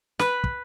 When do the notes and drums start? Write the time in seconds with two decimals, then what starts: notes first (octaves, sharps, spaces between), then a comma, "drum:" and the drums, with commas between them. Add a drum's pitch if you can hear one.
0.19 B4, drum: snare
0.44 drum: kick